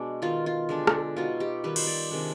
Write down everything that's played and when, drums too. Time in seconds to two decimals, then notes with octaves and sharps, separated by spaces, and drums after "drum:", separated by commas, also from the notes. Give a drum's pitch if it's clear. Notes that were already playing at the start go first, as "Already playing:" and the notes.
Already playing: B2 G#3 D4
0.22 D#3 B3 D#4 F4
0.46 F4
0.69 D3 G#3 D4
0.87 drum: rim click
1.16 B2 B3 D#4 F4
1.40 G4
1.64 D#3 G3 B3 D#4 B4
1.76 C5, drum: cymbal
1.87 D5
2.11 C3 D#3 G#3 D4